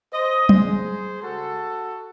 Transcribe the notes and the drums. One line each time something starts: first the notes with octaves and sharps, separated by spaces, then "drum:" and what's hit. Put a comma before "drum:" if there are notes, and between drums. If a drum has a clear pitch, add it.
C5 D#5
C#3 E3 G#3 G#4 C5, drum: tom F#3
C#3 G#3 F#4 A4